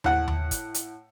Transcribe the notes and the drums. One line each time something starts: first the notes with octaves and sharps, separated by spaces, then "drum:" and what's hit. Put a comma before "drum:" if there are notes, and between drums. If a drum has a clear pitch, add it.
A2 F#5, drum: tom D#2
drum: tom D#2
drum: kick, hi-hat
drum: hi-hat